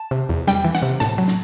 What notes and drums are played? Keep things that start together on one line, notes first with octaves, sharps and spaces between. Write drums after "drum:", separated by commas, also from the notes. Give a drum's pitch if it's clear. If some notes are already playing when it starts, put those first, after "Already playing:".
Already playing: A5
C3
E2
G3 G5, drum: snare
E3
F#5, drum: snare
C3
A2 A5, drum: snare
F#3
drum: snare